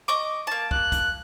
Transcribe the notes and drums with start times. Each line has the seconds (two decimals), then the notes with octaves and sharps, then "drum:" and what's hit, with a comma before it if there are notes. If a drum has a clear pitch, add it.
0.08 D#5 C#6 D6
0.47 A#3 A5
0.71 F#6, drum: kick
0.92 drum: kick, hi-hat